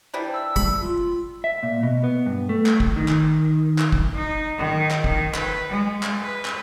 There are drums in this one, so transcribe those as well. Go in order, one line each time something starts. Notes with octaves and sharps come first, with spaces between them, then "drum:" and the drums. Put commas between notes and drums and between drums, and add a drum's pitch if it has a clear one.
E3 G3 D4 C5
E6
B5, drum: kick
F4
E5
A#2
B2
B3
G2
A3
drum: clap
drum: kick
D#3
drum: clap
drum: clap
drum: kick
D#4
D#3
drum: clap
D#3, drum: kick
B4, drum: clap
G#3
drum: clap
B4
drum: clap